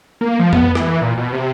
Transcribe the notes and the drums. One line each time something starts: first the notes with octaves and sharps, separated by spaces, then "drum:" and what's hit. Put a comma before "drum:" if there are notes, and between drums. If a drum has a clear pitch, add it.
A#3
F3
B3, drum: tom F2
E3, drum: rim click
A#2
B2
C3